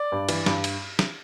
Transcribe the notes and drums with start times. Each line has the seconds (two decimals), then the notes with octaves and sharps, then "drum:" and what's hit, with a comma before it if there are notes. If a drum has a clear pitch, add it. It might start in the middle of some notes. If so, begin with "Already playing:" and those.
Already playing: D5
0.12 G2
0.29 E3, drum: cymbal
0.46 G2, drum: snare
0.64 drum: cymbal
0.99 drum: snare